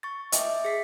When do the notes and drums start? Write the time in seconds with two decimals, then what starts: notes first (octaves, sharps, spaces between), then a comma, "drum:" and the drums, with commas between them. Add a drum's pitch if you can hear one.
0.03 C#6 A6
0.32 D#5 E5 G5 D6, drum: hi-hat
0.65 G#4 B6 C7